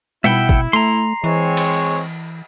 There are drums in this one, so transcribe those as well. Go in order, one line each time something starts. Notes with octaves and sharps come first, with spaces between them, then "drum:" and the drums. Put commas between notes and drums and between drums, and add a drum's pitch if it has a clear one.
B2 E4 E5 F#5 G5, drum: tom G3
drum: kick
A3 A#5 C6
E3 G#3 C4 C#5
drum: cymbal